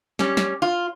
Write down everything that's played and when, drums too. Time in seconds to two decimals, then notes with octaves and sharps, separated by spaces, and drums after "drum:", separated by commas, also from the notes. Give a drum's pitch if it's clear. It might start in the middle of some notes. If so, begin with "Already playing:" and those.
0.19 G3 C#4, drum: snare
0.37 drum: snare
0.62 F4